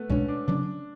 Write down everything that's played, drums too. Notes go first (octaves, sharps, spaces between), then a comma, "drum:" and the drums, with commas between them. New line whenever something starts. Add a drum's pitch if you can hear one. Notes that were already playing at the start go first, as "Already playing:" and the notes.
Already playing: A3 B3
B2 G#3 C#4 D4, drum: kick
D4
C#3 F#3 C#4 D4